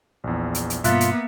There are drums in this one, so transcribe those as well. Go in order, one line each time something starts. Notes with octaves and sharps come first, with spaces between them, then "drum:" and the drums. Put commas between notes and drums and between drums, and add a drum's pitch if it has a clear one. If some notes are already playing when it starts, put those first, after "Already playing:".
A#1 E2
drum: hi-hat
drum: hi-hat
G2 B2 A#3 B3 F4 E5 F#6 A6, drum: hi-hat
drum: hi-hat